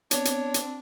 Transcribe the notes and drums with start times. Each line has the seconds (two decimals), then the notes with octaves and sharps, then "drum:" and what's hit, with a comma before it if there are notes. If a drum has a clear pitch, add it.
0.11 B3 C4 D4 C#5, drum: hi-hat
0.25 drum: hi-hat
0.54 drum: hi-hat